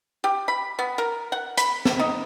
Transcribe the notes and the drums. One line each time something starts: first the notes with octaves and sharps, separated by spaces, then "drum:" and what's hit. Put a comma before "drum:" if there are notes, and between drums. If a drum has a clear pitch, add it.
G4
B5
B3
A#4
F#5
B5, drum: hi-hat
A4, drum: snare
D#4